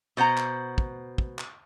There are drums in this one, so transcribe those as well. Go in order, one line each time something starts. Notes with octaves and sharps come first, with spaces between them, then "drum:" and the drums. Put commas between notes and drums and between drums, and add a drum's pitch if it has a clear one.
B2 C5 F#5 A#5
drum: clap
drum: kick
drum: kick
drum: clap